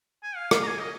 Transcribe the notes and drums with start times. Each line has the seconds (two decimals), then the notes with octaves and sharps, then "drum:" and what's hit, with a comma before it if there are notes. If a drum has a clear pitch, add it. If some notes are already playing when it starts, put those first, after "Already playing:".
0.23 G#5
0.36 F5
0.51 F5, drum: rim click
0.63 A#5
0.68 G#5
0.80 D#5